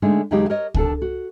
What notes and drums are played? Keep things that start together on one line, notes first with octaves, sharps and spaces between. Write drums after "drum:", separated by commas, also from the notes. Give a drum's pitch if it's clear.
D3 G#3 A3 D4 D#4
D#2 C#3 F#3 G#3 D#4 G4
A#4 C#5 D#5
D#2 D4 A4, drum: kick C#2
F#4